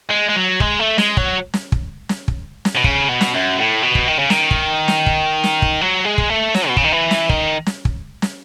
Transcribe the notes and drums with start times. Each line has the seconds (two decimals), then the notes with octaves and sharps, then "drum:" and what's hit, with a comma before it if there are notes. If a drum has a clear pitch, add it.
0.11 G#3
0.29 G#3
0.36 F#3
0.60 G#3, drum: kick
0.79 A3
0.98 G#3, drum: snare
1.17 F#3, drum: kick
1.54 drum: snare
1.72 drum: kick
2.09 drum: snare
2.28 drum: kick
2.65 drum: snare
2.76 B2
2.84 C#3, drum: kick
3.08 B2
3.21 drum: snare
3.34 F#2
3.58 A2
3.82 B2
3.95 drum: kick
4.08 D#3
4.19 C#3
4.30 D#3, drum: snare
4.51 drum: kick
4.88 drum: snare
5.06 drum: kick
5.44 drum: snare
5.62 drum: kick
5.81 F#3
6.05 G#3
6.18 drum: kick
6.30 A3
6.54 F#3, drum: snare
6.68 B2
6.77 C#3, drum: kick
6.84 D#3
6.92 E3
7.11 drum: snare
7.29 D#3, drum: kick
7.66 drum: snare
7.85 drum: kick
8.22 drum: snare